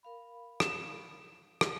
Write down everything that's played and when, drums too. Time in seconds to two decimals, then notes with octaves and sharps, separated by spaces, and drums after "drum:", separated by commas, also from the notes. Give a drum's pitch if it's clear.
0.03 A#4 F5 B5
0.60 E7, drum: rim click
1.61 drum: rim click